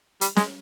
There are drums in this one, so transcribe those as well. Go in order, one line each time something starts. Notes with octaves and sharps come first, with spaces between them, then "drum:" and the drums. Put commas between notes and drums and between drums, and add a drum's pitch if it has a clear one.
G3, drum: hi-hat
G#3, drum: snare